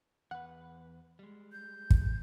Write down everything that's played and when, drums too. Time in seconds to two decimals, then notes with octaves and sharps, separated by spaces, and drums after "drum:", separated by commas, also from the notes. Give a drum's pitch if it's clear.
0.31 E2 B4 F#5
1.19 G3 G#3
1.52 G6
1.90 drum: kick